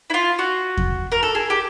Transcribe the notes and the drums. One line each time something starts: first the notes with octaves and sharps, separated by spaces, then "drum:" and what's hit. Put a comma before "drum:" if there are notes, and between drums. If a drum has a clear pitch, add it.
E4
F4
F#4
drum: kick E2
A#4
A4
G#4
G4